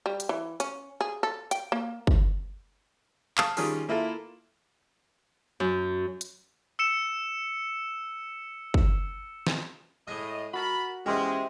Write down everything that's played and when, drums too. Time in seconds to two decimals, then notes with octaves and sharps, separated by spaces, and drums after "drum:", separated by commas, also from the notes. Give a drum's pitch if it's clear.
0.06 G3
0.20 drum: hi-hat
0.29 E3
0.60 C#4, drum: hi-hat
1.01 G#4
1.23 A4
1.51 G5, drum: hi-hat
1.72 A#3
2.07 drum: kick
3.38 F5 A5 D#6, drum: clap
3.57 D#3 G3 C#4 F4 G#4, drum: open hi-hat
3.89 A#3 E4 F4 A4
5.60 F#2
6.21 drum: hi-hat
6.79 E6 C#7 E7
8.74 drum: kick
9.47 drum: snare
10.08 A2 G#3 D#5
10.53 F#4 A#4 A5 B5
11.06 E2 G#3 C#4 G4 C5 E5